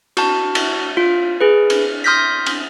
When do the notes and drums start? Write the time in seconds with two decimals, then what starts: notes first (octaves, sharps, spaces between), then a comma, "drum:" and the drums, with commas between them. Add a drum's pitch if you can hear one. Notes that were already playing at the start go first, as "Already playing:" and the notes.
0.17 F#4 A5, drum: cymbal
0.55 drum: cymbal
0.97 F4
1.41 G#4 B4
1.70 drum: cymbal
2.04 C6 D#6 F6 G6 A#6 B6
2.46 drum: cymbal